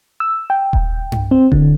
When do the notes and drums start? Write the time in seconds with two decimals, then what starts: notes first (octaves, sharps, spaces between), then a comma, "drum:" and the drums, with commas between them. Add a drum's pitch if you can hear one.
0.20 E6
0.50 G5
0.73 drum: kick D#1
1.12 drum: tom G2
1.31 C4
1.52 D3, drum: kick D#1